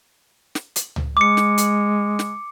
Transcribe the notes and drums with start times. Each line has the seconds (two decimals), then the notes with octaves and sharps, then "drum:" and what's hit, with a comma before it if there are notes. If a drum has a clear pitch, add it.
0.55 drum: snare
0.76 drum: hi-hat
0.96 drum: tom C#2
1.17 G#3 D6 C#7
1.37 drum: snare
1.58 drum: hi-hat
2.19 drum: snare